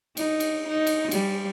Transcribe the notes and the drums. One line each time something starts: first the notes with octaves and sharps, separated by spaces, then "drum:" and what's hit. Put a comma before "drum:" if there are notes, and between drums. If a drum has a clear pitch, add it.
D#4, drum: cymbal
drum: cymbal
D#4
drum: cymbal
G3, drum: cymbal